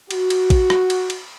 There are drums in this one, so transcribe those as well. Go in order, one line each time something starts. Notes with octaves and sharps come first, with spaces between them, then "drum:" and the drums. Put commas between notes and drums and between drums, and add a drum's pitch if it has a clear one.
F#4, drum: cymbal
drum: cymbal
drum: kick, cymbal
drum: rim click
drum: cymbal
drum: cymbal